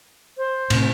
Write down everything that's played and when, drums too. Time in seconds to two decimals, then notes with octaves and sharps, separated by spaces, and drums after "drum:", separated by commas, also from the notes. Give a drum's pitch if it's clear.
0.38 C5
0.70 A2 C3, drum: cymbal